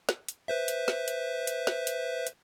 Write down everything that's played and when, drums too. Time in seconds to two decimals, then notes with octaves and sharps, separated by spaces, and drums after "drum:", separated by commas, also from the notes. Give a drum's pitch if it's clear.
0.09 drum: snare
0.28 drum: hi-hat
0.48 B4 C5 E5
0.68 drum: hi-hat
0.88 drum: snare
1.08 drum: hi-hat
1.47 drum: hi-hat
1.67 drum: snare
1.87 drum: hi-hat
2.27 drum: hi-hat